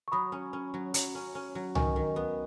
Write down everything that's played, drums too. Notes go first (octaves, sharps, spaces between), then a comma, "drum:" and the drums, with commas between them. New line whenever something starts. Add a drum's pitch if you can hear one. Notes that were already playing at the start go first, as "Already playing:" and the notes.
C#6
F#3 B5 D#6
C#4
C#4
F#3
F#3, drum: hi-hat
C#4
C#4
F#3
D#3 G#5 C#6, drum: tom C2
D#3
B3